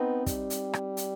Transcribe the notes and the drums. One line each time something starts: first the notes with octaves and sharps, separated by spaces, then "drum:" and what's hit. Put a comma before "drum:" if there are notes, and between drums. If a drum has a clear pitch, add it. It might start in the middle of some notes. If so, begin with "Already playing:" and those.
Already playing: B3 C4 D#4
G3, drum: kick, hi-hat
drum: hi-hat
drum: rim click
drum: hi-hat